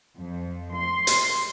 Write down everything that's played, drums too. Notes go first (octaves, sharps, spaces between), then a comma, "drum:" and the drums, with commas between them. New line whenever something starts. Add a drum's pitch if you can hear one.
F2
C6
drum: hi-hat